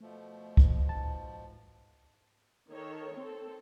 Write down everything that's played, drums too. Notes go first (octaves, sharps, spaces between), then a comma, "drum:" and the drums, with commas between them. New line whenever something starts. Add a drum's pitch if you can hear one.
B2 F3 A3
drum: kick
G#2 A5
D#3 A4 C#5
C4 A4